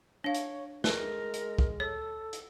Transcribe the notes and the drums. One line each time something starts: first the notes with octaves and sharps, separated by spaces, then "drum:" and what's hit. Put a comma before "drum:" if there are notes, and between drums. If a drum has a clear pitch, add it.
D4 C#5 F5
drum: hi-hat
G#3 A#4 B4, drum: snare
drum: hi-hat
drum: kick
A4 C#5
drum: hi-hat